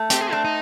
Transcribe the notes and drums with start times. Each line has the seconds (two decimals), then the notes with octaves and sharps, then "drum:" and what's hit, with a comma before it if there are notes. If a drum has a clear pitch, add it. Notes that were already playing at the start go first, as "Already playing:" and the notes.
Already playing: A3
0.10 C4 G4, drum: hi-hat
0.21 G#4
0.32 A3 D4
0.45 D#4